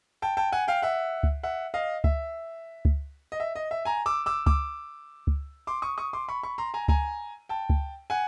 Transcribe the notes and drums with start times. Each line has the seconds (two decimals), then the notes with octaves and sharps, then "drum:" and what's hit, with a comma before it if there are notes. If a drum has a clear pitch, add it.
0.22 G5 A5
0.37 G5 A5
0.52 F#5 G#5
0.68 F5 G5
0.82 E5 F#5
1.23 drum: kick C#2
1.43 E5 F#5
1.74 D#5 F5
2.04 E5, drum: kick C#2
2.85 drum: kick C#2
3.32 D#5
3.40 E5
3.56 D#5
3.71 E5
3.85 G#5 A#5
4.06 D6 E6
4.26 D6 E6
4.46 D6 E6, drum: kick C#2
5.27 drum: kick C#2
5.67 C6 D6
5.82 C#6 D#6
5.98 C#6 D#6
6.13 C6 D6
6.28 B5 C#6
6.43 B5 C#6
6.58 A#5 C6
6.74 G#5 A#5
6.88 G#5 A#5, drum: kick C#2
7.49 G5 A5
7.70 drum: kick C#2
8.10 F#5 G#5